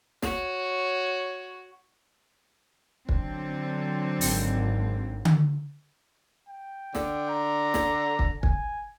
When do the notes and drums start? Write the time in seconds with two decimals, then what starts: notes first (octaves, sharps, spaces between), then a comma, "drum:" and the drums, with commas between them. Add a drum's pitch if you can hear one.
0.22 F#4 C#5, drum: snare
3.09 D3 F#3 C4, drum: kick
4.21 G#1, drum: open hi-hat
5.25 drum: tom D3
6.49 G5
6.95 D3, drum: snare
7.29 A#5
7.74 drum: snare
8.19 drum: kick
8.43 G#5, drum: kick